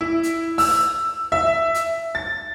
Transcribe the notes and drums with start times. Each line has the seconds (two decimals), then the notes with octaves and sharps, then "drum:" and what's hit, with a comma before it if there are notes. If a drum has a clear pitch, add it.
0.01 E4
0.23 drum: hi-hat
0.58 E6, drum: open hi-hat
1.32 E5
1.74 drum: hi-hat
2.15 A6